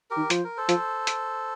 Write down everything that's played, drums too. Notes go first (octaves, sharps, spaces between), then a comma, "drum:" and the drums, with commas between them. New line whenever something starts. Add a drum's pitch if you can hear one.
G4 A#4
D#3
F3 C5, drum: hi-hat
A#4
A4 C5
F3, drum: hi-hat
drum: hi-hat